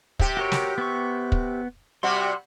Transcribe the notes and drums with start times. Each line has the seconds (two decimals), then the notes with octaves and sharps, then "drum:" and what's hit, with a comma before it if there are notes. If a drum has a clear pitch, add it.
0.19 C3 G4, drum: kick
0.37 F#4 A#4 C#5
0.52 drum: snare
0.78 B3 C#6
1.32 drum: kick
2.03 C3 G3 F#4 C6